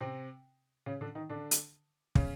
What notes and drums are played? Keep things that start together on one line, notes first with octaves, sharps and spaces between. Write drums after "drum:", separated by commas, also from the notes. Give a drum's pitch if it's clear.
C3 C4
C#3 C#4
D3 D4
D#3 D#4
D3 D4
drum: hi-hat
C#3 C#4, drum: kick